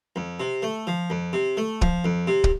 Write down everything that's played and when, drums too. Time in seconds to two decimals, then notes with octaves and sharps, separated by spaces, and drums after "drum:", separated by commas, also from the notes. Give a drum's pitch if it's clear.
0.16 F2
0.40 C3
0.63 A3
0.87 F3
1.10 F2
1.33 C3
1.57 A3
1.82 F3, drum: kick
2.05 F2
2.27 C3
2.44 drum: kick